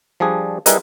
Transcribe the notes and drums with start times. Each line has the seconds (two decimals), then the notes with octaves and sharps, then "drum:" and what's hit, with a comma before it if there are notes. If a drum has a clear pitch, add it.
0.20 F3 G3 D4 G#4
0.66 G3 E4 G#4 A#4 B4 D#5, drum: hi-hat